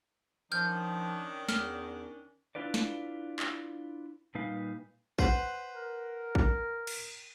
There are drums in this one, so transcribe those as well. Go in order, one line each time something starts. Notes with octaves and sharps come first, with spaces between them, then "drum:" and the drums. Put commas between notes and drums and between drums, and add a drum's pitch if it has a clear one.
D#3 F3 C#4 D4 F6 G6
E2 F6 G7, drum: snare
D4 E4 F4 B4 D5
drum: snare
drum: clap
A#2 G3 D#4 B4 F5
B4 C5 F#5, drum: kick
A#4
drum: kick
drum: cymbal